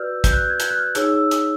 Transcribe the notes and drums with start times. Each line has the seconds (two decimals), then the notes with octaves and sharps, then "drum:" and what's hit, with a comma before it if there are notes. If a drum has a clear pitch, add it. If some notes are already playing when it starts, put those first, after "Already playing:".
Already playing: F#4 B4 D5 E6 F6 G6
0.24 G6, drum: kick, hi-hat
0.32 F#6
0.41 G6
0.50 G#6
0.60 G6, drum: hi-hat
0.70 F#6
0.78 F6
0.95 D#4 G#4 C#5 E6, drum: hi-hat
1.13 E6
1.31 D#6, drum: hi-hat